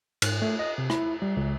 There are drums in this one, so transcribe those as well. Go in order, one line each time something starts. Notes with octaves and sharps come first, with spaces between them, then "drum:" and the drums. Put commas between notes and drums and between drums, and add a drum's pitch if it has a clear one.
G#2, drum: cymbal
A3
D#5
C3
E4, drum: rim click
G3
C#2